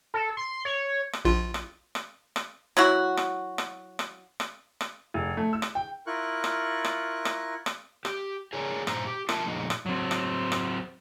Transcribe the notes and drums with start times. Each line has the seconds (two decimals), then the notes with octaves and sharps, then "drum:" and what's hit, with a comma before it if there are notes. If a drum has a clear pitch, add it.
0.14 A4
0.37 C6
0.65 C#5
1.13 drum: rim click
1.25 A#1 F4
1.54 drum: rim click
1.95 drum: rim click
2.36 drum: rim click
2.77 F#3 E4 F#4, drum: rim click
3.17 drum: rim click
3.58 drum: rim click
3.99 drum: rim click
4.40 drum: rim click
4.81 drum: rim click
5.14 F1
5.37 A3
5.53 E6
5.62 drum: rim click
5.75 G5
6.07 E4 F4 A#4 C#6 F#6
6.44 drum: rim click
6.85 drum: rim click
7.25 drum: rim click
7.66 drum: rim click
8.05 G4, drum: rim click
8.53 G#4 A#4 C#5 D5 A#5
8.87 G2 A#2 C5 A#5, drum: rim click
9.06 G4
9.29 F4 A#4 E5 G5 A5, drum: rim click
9.45 F2 A#2 G#3 B3 D#4
9.70 drum: rim click
9.86 F#3 C4
10.11 drum: rim click
10.52 drum: rim click